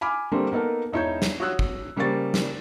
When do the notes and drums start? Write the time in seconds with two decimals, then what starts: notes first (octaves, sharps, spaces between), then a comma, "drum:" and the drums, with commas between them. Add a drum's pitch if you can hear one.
0.01 G#5 B5 D6 F6
0.31 D3 G3 A3 A#3 C4
0.52 A#3 B3 D#4 A4 A#4
0.93 E1 D#4 E4 C#5 E5 G6
1.22 drum: snare
1.40 F#4 C#5 D#6 E6 F#6
1.59 drum: kick
1.96 C#3 G3 A#3 C5 C#6 A6
2.34 drum: snare